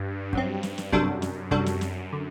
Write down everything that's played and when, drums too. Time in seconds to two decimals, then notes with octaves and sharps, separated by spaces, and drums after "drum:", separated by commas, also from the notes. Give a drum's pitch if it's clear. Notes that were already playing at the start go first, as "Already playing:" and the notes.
Already playing: G2
0.33 F#2 F#3 C4, drum: kick
0.63 drum: snare
0.78 drum: snare
0.92 F#2 C3 G3 D4 F#4 A4, drum: kick
1.22 drum: snare
1.51 C3 G3 D4 F#4 A4, drum: kick
1.66 drum: snare
1.81 drum: snare
2.13 D3